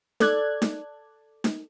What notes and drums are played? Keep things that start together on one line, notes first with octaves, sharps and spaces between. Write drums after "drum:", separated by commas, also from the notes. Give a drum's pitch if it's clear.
A4 D5 F#6 G#6, drum: snare D#4
drum: snare D#4
drum: snare D#4